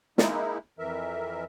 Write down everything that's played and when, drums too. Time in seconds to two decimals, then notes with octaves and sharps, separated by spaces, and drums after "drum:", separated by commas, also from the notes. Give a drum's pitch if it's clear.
0.18 G#3 A#3 D#4 E4, drum: snare
0.79 F2 E3 A#4 E5